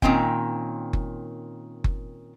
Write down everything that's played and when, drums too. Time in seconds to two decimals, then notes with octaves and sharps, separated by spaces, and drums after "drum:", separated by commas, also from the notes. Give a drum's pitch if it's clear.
0.02 A#2 D#3 C4 C#4 G5, drum: kick F#1
0.93 drum: kick F#1
1.84 drum: kick F#1